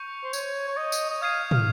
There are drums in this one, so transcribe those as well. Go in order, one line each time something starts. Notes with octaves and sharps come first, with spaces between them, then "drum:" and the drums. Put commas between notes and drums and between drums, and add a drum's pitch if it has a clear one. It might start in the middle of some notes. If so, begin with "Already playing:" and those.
Already playing: C#6 G6 C#7 F7
C5
C#5, drum: tambourine
C#5
D#5
drum: tambourine
D#5
F5 D#6 G#6 C7 D#7
F5, drum: tom